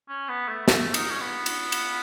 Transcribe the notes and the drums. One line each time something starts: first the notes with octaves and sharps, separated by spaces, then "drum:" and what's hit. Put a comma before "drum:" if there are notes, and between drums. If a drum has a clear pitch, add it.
C#4
B3
A3
A3, drum: snare
D#4, drum: cymbal
C#4
B3
drum: cymbal
drum: cymbal